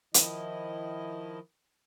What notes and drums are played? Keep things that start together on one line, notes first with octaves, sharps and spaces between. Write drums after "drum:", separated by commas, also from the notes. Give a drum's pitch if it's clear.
D#3 F3 E4 D#5, drum: hi-hat